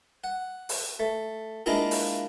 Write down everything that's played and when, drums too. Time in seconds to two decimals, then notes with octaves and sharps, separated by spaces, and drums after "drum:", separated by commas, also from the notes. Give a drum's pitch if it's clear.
0.24 F#5
0.69 drum: open hi-hat
0.99 A3
1.66 G#3 A#3 D4 E4 F4 G#4
1.91 drum: open hi-hat